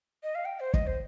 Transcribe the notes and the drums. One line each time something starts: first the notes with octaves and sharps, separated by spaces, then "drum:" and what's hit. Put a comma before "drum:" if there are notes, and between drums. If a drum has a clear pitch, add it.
D#5
F5
G5
C5
D#5, drum: kick
C5